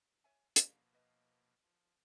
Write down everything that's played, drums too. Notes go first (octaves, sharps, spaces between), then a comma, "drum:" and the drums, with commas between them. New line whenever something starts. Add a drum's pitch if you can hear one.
C#5 E5 G#5
B2 F3 A#3 A#4 F5, drum: hi-hat
B4 D#5
F3